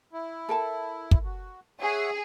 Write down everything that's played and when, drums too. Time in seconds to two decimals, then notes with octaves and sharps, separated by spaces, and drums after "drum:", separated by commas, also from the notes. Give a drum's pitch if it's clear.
0.13 E4
0.49 A4 A#4 A5
1.11 drum: kick
1.25 F#4
1.81 G#4 C#5 E5 F#5